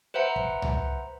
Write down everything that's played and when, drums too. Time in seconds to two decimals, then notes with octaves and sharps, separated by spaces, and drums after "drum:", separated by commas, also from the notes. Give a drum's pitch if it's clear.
0.14 B4 C5 E5 F#5 A#5
0.36 drum: kick
0.62 drum: tom C2